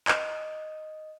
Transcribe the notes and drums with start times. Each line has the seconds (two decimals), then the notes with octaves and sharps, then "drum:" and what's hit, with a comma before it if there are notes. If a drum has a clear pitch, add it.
0.08 D#5, drum: clap